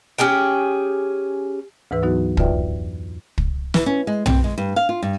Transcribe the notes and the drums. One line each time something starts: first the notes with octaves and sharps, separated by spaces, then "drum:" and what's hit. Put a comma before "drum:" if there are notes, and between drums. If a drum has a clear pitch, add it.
C#4 G4 G#4 G5
D2 G#2 E3 B4 E6
F#3 B3 D#4 F#4
F2 F4 B4 D5 E5 G5, drum: kick
drum: kick
E3, drum: snare
C#4
G#3
C4, drum: tom
G#3
G2
F5
F4
G2